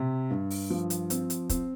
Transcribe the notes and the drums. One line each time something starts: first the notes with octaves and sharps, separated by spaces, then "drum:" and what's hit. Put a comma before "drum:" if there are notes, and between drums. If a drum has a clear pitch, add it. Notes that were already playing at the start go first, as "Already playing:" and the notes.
Already playing: C3
G2
drum: open hi-hat
F3
drum: hi-hat
C4, drum: hi-hat
drum: hi-hat
C4, drum: kick, hi-hat